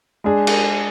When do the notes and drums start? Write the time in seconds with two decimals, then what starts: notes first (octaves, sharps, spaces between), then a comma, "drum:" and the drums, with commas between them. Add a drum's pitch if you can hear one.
0.24 G#3 D4 G#4
0.47 drum: cymbal